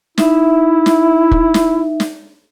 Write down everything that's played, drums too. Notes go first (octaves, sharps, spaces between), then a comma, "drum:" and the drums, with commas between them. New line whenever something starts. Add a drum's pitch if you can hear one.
D#4 E4 E5, drum: snare
drum: snare
drum: kick
drum: snare
drum: snare